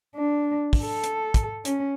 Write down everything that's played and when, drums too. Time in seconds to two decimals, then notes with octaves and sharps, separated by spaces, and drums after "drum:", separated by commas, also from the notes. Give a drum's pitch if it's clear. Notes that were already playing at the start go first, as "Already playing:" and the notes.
0.16 D4
0.73 drum: kick, open hi-hat
0.82 A4
1.04 drum: hi-hat
1.34 drum: kick, hi-hat
1.65 C#4, drum: hi-hat